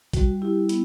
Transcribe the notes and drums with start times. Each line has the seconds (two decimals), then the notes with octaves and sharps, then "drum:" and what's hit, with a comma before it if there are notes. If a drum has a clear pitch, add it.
0.13 G3 F#4, drum: kick A#1, hi-hat
0.42 E4 G4
0.69 B3, drum: hi-hat